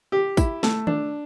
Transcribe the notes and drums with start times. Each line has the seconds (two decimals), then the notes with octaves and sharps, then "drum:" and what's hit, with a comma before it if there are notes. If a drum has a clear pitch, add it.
0.12 G4
0.37 E4, drum: kick, tambourine
0.63 A3, drum: snare
0.87 D4, drum: tom D#3